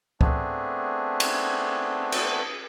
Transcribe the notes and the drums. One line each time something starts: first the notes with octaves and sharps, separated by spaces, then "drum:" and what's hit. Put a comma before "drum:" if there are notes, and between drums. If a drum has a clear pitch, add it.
A3 B3 C4 D4 G#4, drum: kick C#2
drum: cymbal
drum: cymbal